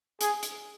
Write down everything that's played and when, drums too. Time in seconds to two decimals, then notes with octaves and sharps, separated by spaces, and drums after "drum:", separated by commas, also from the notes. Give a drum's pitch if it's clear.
0.21 G#4, drum: hi-hat
0.43 drum: hi-hat